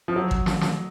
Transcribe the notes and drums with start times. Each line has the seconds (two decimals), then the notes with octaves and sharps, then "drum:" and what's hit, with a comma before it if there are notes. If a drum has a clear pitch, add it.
0.08 F3
0.16 F#3
0.31 drum: kick
0.46 drum: snare
0.61 drum: snare